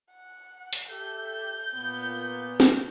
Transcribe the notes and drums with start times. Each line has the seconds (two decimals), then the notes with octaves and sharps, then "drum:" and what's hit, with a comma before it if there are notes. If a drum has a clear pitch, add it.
0.12 F#5
0.73 drum: open hi-hat
0.88 G4 A4 E5 G6
1.75 A#2 B3
2.60 drum: snare